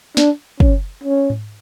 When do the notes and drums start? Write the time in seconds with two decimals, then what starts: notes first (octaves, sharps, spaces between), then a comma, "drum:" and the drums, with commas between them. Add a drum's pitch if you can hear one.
0.17 D4, drum: snare
0.60 C#4, drum: kick
1.04 C#4
1.30 drum: tom G#2